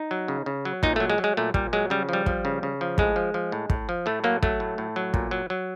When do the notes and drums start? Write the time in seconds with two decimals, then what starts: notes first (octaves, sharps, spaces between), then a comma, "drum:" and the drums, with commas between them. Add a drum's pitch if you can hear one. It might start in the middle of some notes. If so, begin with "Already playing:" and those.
Already playing: D#4
0.11 F#3
0.28 C#3
0.46 C#3
0.65 F#3
0.83 A#2 D#4, drum: kick
0.96 F#3 A3
1.10 G#3
1.18 F#3
1.24 G#3
1.37 A#2 A3
1.54 A#2 G3, drum: kick
1.73 F#3 G#3
1.90 C#3 G3
2.09 F3 G3
2.26 F3, drum: kick
2.45 C#3
2.63 C#3
2.81 F3
2.98 A2 G#3, drum: kick
3.16 F3
3.34 F3
3.52 A2
3.70 A2, drum: kick
3.89 F3
4.06 A2 A3
4.24 F#3 A#3
4.43 F#3 A3, drum: kick
4.60 A2
4.78 A2
4.96 F#3
5.14 A#2, drum: kick
5.31 F#3
5.50 F#3